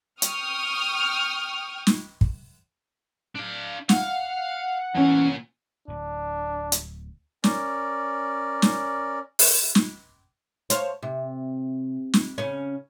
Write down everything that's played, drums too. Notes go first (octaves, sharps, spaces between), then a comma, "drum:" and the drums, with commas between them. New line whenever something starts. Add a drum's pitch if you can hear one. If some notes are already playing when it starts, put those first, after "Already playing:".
G5 C#6 D#6 F6, drum: hi-hat
drum: snare
drum: kick
D4 F5
F5 F#5, drum: snare
E2 A#2 C#4 G#5
D1 D2 D4
drum: hi-hat
C#4 A#4 D5, drum: snare
drum: snare
drum: open hi-hat
drum: snare
C5 C#5 F5, drum: hi-hat
C3
drum: snare
C#3 C#4